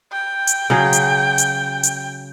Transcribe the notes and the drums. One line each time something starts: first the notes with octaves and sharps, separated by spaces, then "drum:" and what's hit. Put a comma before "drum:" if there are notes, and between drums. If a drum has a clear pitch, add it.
G5
drum: hi-hat
C#3 F#3 G#4
drum: hi-hat
drum: hi-hat
drum: hi-hat